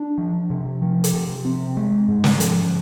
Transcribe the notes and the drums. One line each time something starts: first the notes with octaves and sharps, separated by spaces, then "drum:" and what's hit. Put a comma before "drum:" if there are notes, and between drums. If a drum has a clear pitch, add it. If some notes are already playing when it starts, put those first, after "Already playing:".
Already playing: D4
F3
C3
F3
drum: hi-hat
C3
C4
G#3
G#2
drum: snare
F3, drum: hi-hat